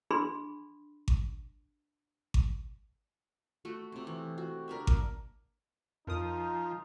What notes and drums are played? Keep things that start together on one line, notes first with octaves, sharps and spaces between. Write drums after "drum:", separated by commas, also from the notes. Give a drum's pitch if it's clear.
D4 G#4 B5 C6
drum: kick G#1
drum: kick G#1
A3 F#4 A4
C3 C4
E3
F#4
D4 A#4 B4 E5
A#3, drum: kick G#1
F2 F3 D#4 A#4 D#6